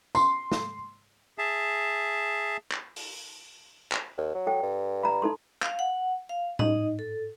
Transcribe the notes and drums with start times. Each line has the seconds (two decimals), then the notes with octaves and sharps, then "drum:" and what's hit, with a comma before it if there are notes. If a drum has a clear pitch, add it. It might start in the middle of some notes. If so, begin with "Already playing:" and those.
0.15 C6, drum: tambourine
0.52 drum: snare
1.38 G#4 E5 A5
2.72 drum: clap
2.96 drum: open hi-hat
3.92 drum: clap
4.18 D#2
4.34 F#3
4.47 A4 G5
4.63 G2
5.03 A#5 B5
5.22 D#4 A4 C6
5.63 F5, drum: clap
5.79 F#5
6.29 F5
6.59 D#4 D#5, drum: tom A2
6.99 A4